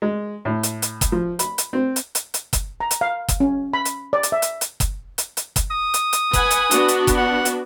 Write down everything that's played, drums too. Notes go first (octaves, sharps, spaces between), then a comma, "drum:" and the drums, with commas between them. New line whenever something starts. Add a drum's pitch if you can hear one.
G#3
A2
drum: hi-hat
drum: hi-hat
drum: kick F#1, hi-hat
F3
B5, drum: hi-hat
drum: hi-hat
C4
drum: hi-hat
drum: hi-hat
drum: hi-hat
drum: kick F#1, hi-hat
A#5
drum: hi-hat
F5
drum: kick F#1, hi-hat
C#4
B5
drum: hi-hat
D5
drum: hi-hat
E5
drum: hi-hat
drum: hi-hat
drum: kick F#1, hi-hat
drum: hi-hat
drum: hi-hat
drum: kick F#1, hi-hat
D#6
drum: hi-hat
drum: hi-hat
B4 F#5 G#5, drum: kick F#1, hi-hat
drum: hi-hat
B3 D4 F#4, drum: hi-hat
drum: hi-hat
drum: kick F#1, hi-hat
F#5
drum: hi-hat